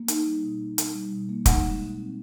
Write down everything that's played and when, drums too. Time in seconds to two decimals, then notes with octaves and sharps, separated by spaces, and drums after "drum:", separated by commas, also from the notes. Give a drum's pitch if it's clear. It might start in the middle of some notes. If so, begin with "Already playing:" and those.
Already playing: A#3
0.08 D#4, drum: hi-hat
0.26 G3
0.43 B2
0.60 A#3
0.78 D#4, drum: hi-hat
0.94 G3
1.12 B2
1.29 A#3
1.46 D#4 F#5, drum: kick, hi-hat
1.64 G#3
1.81 B2
1.98 C4